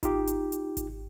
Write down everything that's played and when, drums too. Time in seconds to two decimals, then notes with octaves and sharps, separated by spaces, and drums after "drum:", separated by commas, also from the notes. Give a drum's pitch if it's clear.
0.03 D#4 F4 G4, drum: kick G#1, hi-hat
0.27 drum: hi-hat
0.52 drum: hi-hat
0.77 drum: kick G#1, hi-hat